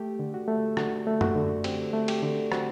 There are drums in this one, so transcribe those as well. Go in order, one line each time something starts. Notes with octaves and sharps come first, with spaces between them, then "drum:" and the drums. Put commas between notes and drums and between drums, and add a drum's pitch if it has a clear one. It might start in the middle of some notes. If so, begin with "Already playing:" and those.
Already playing: A3 G4
D3
F#4
A3
D3 F#4, drum: rim click
A3
F#4, drum: tom F#2
D3
C4 G4, drum: cymbal
A3
G4, drum: cymbal
D3
C4 F#4, drum: rim click